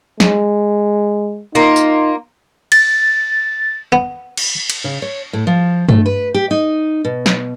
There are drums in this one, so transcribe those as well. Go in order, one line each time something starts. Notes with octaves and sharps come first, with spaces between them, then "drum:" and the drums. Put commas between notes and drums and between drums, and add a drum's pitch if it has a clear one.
G#3, drum: snare
A#3 D#4 F4
drum: tambourine
A6, drum: cymbal
B3
drum: cymbal
drum: cymbal
C#3
C#5
A2
F3
A3, drum: tom G2
B4
G4
D#4
B2
drum: snare